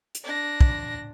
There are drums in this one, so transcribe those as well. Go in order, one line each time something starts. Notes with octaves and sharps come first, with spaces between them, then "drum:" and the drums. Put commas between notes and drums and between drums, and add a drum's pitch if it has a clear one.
drum: hi-hat
D4 A#6
drum: kick